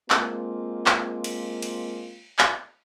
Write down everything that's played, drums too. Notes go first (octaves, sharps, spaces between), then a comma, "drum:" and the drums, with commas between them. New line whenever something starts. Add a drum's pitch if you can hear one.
G#3 A#3 C4 F4, drum: clap
drum: clap
drum: cymbal
drum: cymbal
drum: clap